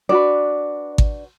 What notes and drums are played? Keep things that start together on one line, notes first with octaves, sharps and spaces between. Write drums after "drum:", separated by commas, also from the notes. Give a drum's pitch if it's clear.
D4 F#4 B4 D5
drum: kick G#1